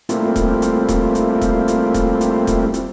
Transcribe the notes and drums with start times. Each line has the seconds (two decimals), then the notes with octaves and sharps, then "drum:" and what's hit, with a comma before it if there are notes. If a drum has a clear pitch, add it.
0.09 G3 A3 A#3 C4 E4 F4, drum: hi-hat
0.36 drum: kick D#1, hi-hat
0.62 drum: hi-hat
0.88 drum: kick D#1, hi-hat
1.15 drum: hi-hat
1.41 drum: kick D#1, hi-hat
1.68 drum: hi-hat
1.94 drum: kick D#1, hi-hat
2.21 drum: hi-hat
2.47 drum: kick D#1, hi-hat
2.74 drum: hi-hat